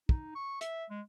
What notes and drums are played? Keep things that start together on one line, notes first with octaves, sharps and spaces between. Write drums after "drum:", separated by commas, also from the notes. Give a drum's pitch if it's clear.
D#4, drum: kick
C#6
E5, drum: hi-hat
G#3